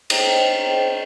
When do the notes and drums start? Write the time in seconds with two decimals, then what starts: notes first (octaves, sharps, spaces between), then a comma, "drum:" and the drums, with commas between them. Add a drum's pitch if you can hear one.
0.10 C5 C#5 D#5 G5 A#5, drum: cymbal